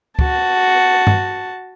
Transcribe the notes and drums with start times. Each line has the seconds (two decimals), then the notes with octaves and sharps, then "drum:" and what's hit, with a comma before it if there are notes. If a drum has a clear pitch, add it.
0.19 F#4 A5, drum: kick C#2
1.07 drum: tom G2